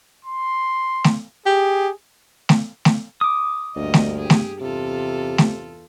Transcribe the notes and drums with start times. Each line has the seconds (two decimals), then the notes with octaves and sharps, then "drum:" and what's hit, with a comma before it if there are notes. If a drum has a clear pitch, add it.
0.25 C6
1.04 drum: snare A3
1.46 G4 G#4
2.49 drum: snare A3
2.85 drum: snare A3
3.21 D6 D#6
3.76 D2 G2 A#3 D#5
3.94 drum: snare A3
4.18 G4 G#4
4.30 drum: snare A3
4.61 E2 C3 F4 A4
5.38 drum: snare A3